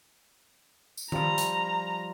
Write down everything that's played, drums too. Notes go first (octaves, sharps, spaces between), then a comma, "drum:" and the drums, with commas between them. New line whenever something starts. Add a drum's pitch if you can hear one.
drum: tambourine
F3 G3 F4 A#5, drum: tom D#3
drum: hi-hat